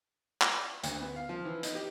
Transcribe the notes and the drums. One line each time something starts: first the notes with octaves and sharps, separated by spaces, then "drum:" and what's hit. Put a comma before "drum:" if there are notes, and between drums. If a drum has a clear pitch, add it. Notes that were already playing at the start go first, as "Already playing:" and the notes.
drum: clap
D2, drum: hi-hat
B3
F5
F3
E3
D#4, drum: hi-hat
G4